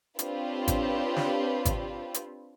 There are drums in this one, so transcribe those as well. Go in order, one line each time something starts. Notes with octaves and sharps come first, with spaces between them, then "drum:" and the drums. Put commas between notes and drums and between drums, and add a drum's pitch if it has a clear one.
C4 D4 F4 G4 B4 C#5, drum: hi-hat
drum: kick G#1, hi-hat
drum: snare
drum: kick G#1, hi-hat
drum: hi-hat